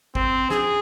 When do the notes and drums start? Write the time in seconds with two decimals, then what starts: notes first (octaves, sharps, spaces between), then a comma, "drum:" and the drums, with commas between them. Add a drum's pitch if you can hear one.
0.15 C4, drum: kick G#1
0.50 G#4, drum: snare